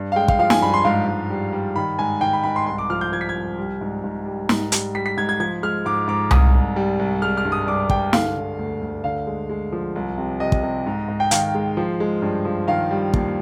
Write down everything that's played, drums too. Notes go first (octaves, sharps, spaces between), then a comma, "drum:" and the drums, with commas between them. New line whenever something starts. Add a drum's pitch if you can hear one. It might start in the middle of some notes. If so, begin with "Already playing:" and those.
Already playing: G2
F5
G#3 G5
F5, drum: kick
F3 F5
G#5, drum: snare
G2 B5
C6
G#2 F5
G#2
G3
G3
D#3 B5
G#2 G#5
D#3 G5
B5
G#2 B5
C6
C2 C6
D6
F3 F6
G6
F3 G#6
B6
G#6
C2
G3
G#2
G#2
G3
G#2, drum: snare
G3, drum: hi-hat
G3 B6
B6
G#2 G#6
G#6
F3 G#6
G#3 F6
G#2 D6
G#2 D6
C2 D#6, drum: tom C2
C2
G3
C2
G#3 F6
F6
G2
D#6
G2 D6
G#3 G5, drum: kick
D3 F5, drum: snare
D3
D2
D2
D3 F5
G#3
G#3
F3
C2
C3
C3 D#5
drum: kick
C3
G#2
G#2
G5
D#3 F5, drum: hi-hat
G#3
F3
G#3
G2
F3
D#3 F5
G3
D#2, drum: kick